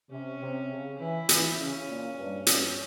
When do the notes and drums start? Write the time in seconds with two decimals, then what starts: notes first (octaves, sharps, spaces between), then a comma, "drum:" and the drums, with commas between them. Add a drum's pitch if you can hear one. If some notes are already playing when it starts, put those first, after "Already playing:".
0.11 C3 C#4
0.40 C3
0.70 C#3
0.99 E3 E4
1.29 E3, drum: hi-hat
1.58 C#3 C#4
1.88 A#2
2.17 G2
2.47 G2 C#4, drum: hi-hat